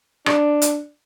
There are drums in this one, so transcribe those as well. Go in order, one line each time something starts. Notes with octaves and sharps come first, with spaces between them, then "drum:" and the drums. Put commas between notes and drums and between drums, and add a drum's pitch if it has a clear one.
D4, drum: rim click
drum: hi-hat